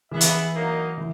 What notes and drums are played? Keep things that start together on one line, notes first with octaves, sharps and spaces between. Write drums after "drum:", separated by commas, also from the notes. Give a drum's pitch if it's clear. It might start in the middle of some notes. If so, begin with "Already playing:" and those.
E3 B3 E4 G#4 B4 E5
drum: hi-hat
F#3 A#3 D#4
E3